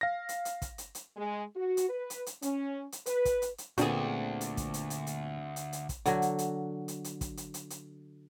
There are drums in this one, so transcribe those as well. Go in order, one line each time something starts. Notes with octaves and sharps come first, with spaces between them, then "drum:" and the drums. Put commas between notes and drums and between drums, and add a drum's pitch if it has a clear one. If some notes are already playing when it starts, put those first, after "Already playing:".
F5 A#6
drum: hi-hat
drum: hi-hat
drum: kick, hi-hat
drum: hi-hat
drum: hi-hat
G#3
F#4
drum: hi-hat
B4
drum: hi-hat
drum: hi-hat
C#4, drum: hi-hat
drum: hi-hat
B4, drum: hi-hat
drum: kick, hi-hat
drum: hi-hat
drum: hi-hat
D2 A#2 D3 B3 C4 D4 F#4 G#4, drum: hi-hat
drum: hi-hat
drum: kick, hi-hat
drum: hi-hat
drum: hi-hat
drum: hi-hat
drum: hi-hat
drum: hi-hat
drum: kick, hi-hat
D3 F#3, drum: hi-hat
drum: hi-hat
drum: hi-hat
drum: hi-hat
drum: hi-hat
drum: kick, hi-hat
drum: hi-hat
drum: hi-hat
drum: hi-hat